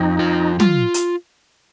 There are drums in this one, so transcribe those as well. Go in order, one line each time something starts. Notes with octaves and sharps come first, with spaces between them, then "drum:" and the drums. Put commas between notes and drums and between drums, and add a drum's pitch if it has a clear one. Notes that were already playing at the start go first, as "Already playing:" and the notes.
Already playing: F2 D#4
F4
F4, drum: tom
drum: hi-hat